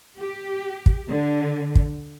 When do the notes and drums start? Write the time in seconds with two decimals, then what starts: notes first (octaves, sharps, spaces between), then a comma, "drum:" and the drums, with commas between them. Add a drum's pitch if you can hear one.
0.19 G4
0.86 drum: kick
1.08 D3
1.75 drum: kick